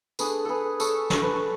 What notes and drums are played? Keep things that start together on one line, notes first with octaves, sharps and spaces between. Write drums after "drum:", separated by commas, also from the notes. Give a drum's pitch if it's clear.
A3 D4 G#4 B4, drum: tambourine
G#4 A4 B4
A4 C#5, drum: tambourine
A3 D4 C#5, drum: snare
B4
A4